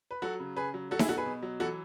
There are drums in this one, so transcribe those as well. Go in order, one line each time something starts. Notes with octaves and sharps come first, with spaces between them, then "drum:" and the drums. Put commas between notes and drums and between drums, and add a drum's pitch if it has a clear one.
B4
F#3 F#4 A4
C#3
C#3 G#4 B4
F#3
F#3 F#4 A4
E4 G#4, drum: snare D#4
B2 F#4 A4
G#4 B4
B2
F#3
E3 F#4 A4